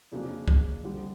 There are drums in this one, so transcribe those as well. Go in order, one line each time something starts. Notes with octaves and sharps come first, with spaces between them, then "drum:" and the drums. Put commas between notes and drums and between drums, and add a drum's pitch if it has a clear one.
F2 C#3 F#3 A#3 D4
drum: kick
F2 D3 G3